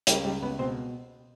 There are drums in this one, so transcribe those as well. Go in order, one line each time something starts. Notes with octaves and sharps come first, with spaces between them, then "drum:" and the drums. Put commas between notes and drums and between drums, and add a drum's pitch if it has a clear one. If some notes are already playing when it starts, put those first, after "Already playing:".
C#2 G3 G4, drum: hi-hat
C#2 G3 G4
C#2 B3 B4
B2 C4 C5